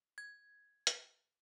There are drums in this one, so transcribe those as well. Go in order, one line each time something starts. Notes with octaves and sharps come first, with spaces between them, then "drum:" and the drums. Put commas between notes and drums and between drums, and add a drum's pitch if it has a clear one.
G#6
drum: hi-hat